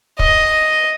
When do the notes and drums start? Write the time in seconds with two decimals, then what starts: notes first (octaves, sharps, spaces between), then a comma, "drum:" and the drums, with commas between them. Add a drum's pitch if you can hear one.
0.19 D#5, drum: kick